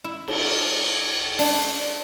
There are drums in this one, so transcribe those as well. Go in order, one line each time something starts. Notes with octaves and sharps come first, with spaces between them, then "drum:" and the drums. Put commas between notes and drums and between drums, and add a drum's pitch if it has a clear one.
E4
drum: cymbal
D4, drum: open hi-hat